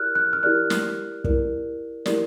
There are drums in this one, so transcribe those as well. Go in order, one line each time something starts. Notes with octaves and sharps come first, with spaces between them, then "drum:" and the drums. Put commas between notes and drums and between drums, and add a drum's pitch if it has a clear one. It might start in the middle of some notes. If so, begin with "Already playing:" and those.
Already playing: E4 G4 A#4 D5 F6 F#6
F#6
F6
E4 G4 A#4 D5 F#6
drum: snare
E4 G4 A#4 D5, drum: kick
E4 G4 A#4 D5, drum: snare